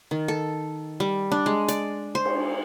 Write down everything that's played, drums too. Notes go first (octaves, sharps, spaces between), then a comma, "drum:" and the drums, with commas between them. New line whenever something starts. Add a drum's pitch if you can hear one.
D#3
A4
G3
D4
G#3
D5, drum: hi-hat
C5
drum: cymbal